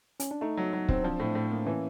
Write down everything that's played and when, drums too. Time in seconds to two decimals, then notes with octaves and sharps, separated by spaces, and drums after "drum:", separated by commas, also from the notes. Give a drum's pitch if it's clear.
0.20 C#4, drum: hi-hat
0.31 D4
0.41 A3 D#4
0.57 F#3
0.73 F#3
0.89 C4, drum: kick
1.04 F3 D4
1.20 A2
1.35 A2
1.51 A#3
1.66 E3 C#4